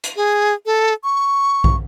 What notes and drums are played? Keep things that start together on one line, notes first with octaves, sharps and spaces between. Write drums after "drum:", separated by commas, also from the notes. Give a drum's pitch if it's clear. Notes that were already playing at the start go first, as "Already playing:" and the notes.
drum: hi-hat
G#4
A4
C#6
drum: kick B1